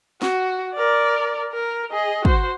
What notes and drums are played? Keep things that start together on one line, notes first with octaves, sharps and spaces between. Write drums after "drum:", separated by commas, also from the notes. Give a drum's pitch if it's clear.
F#4, drum: snare
A#4 D5
A#4
G#4 D#5
F#4 C5, drum: kick